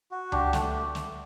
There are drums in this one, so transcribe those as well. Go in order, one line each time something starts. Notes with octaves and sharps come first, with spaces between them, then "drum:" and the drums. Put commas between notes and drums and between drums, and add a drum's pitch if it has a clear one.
F#4
D4 G4, drum: tom C#2
A3, drum: snare
drum: snare